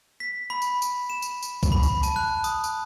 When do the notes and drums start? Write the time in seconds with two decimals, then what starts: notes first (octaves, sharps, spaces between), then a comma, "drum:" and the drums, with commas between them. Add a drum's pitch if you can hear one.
0.20 B6
0.50 B5
0.62 drum: tambourine
0.82 drum: tambourine
1.10 E7
1.22 drum: tambourine
1.43 drum: tambourine
1.63 drum: kick B1, tambourine
1.72 B5
1.83 drum: tambourine
2.03 A5, drum: tambourine
2.16 F#6
2.44 D#6, drum: tambourine
2.64 drum: tambourine